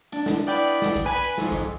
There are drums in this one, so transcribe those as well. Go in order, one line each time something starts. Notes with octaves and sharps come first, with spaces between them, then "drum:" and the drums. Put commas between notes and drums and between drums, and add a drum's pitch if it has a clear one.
D4, drum: hi-hat
drum: snare
B3 E4 D5 G5
drum: hi-hat
drum: snare
drum: kick C2, hi-hat
B4 G#5
drum: hi-hat
F2 G#2, drum: snare
drum: kick C2, hi-hat